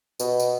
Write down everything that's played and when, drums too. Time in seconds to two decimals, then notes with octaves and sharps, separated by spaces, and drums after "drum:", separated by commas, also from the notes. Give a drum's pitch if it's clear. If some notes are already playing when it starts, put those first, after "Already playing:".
0.20 B2, drum: tambourine
0.39 drum: tambourine